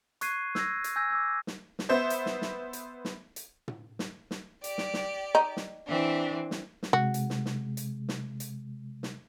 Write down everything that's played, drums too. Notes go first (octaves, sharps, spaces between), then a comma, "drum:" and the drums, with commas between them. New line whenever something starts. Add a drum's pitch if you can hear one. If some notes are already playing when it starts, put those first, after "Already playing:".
C#6 F#6 G#6 C7 D#7, drum: hi-hat
E6 G6 G#6 A#6, drum: snare
drum: hi-hat
G#5 E6 G6 G#6 A#6
D6 E6 G#6
drum: snare
drum: snare
B3 C5 E5
drum: hi-hat
drum: snare
drum: snare
drum: hi-hat
drum: snare
drum: hi-hat
drum: tom
drum: snare
drum: snare
G4 D5, drum: hi-hat
drum: snare
drum: snare
D#4
drum: snare
E3 C4 D4
drum: snare
drum: snare
C3 G#3 F#4
drum: hi-hat
drum: snare
drum: snare
drum: hi-hat
drum: snare
drum: hi-hat
drum: snare